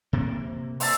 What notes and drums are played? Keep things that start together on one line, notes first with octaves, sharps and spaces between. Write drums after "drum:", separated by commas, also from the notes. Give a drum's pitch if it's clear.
C3 A#3
C5 E5 A5, drum: open hi-hat